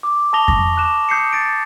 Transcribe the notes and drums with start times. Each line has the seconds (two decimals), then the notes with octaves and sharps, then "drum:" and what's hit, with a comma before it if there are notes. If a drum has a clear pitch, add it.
0.03 D6
0.33 A5 C#6 D#6 A#6 F7 G7
0.48 A#6, drum: kick F2
0.76 D6 F#6 E7
1.09 D#6 G6 C7 C#7
1.33 A6 A#6 D7